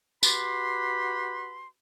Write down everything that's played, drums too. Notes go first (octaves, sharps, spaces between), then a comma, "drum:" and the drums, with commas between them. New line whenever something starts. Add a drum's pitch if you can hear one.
F#4 G4 B4 B5 C6, drum: tambourine